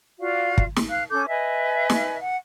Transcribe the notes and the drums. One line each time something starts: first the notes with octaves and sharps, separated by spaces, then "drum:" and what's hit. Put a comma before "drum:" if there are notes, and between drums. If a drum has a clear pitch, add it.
F4 F#4 D5 F5
drum: kick
drum: snare
F5 F#6
C#4 A4 D6 G6
B4 D#5 E5 G#5
drum: snare
F#5